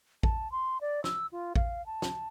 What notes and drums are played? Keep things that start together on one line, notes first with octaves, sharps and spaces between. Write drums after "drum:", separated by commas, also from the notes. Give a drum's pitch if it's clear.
A5, drum: kick A1
C6
D5
E6, drum: snare
F4
F5, drum: kick A1
A5
drum: snare